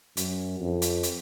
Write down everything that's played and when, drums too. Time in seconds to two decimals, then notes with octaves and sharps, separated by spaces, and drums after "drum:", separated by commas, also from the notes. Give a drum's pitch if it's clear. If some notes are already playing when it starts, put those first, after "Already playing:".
0.17 F#2, drum: hi-hat
0.60 F2
0.82 drum: hi-hat
1.03 drum: hi-hat